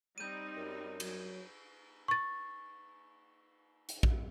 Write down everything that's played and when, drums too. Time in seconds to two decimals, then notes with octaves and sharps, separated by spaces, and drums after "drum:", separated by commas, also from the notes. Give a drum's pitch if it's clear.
0.18 G3 C4 D#4 G6 D#7
0.57 F#2
1.00 F#3, drum: cymbal
2.08 C#6 A6
3.89 drum: hi-hat
4.03 drum: kick